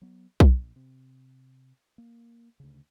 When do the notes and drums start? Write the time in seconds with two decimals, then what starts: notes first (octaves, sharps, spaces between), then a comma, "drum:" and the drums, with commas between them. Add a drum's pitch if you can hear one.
0.02 F#3 B3
0.40 A#1, drum: kick B1
0.76 C3
1.98 A#3
2.60 D2 C#3